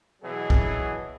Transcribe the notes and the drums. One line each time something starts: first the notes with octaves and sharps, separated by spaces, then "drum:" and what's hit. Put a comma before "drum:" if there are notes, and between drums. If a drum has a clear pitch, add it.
B2 E3 F#3 G#4
drum: kick